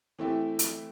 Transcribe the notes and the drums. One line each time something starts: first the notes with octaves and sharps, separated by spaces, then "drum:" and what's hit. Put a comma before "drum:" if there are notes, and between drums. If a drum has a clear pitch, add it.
E3 A3 C4 E4 G4
drum: hi-hat